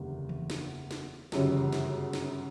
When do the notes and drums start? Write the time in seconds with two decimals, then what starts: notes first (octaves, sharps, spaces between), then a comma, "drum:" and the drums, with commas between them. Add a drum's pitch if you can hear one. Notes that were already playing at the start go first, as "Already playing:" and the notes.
Already playing: F#1 E2 D3 G3
0.29 drum: tom D#3
0.50 drum: snare
0.91 drum: snare
1.32 G1 F#2 C#3 G3, drum: snare
1.52 drum: tom D#3
1.72 drum: snare
2.13 drum: snare